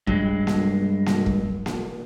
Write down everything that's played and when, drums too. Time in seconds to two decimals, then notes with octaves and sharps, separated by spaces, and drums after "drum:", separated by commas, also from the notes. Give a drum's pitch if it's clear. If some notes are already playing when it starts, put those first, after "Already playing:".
0.07 G2 F#3 G#3, drum: kick
0.47 drum: snare A#3
1.06 drum: snare A#3
1.26 drum: kick
1.66 drum: snare A#3